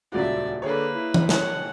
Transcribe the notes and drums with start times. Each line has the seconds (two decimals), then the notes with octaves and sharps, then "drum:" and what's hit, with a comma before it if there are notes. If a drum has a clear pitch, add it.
0.12 D#1 C#2 F#4 D5 E5
0.62 D3 A#3 G#4 B4 C#5
0.95 E4
1.14 drum: tom E3
1.29 C#5 F#5 G#5 A5, drum: snare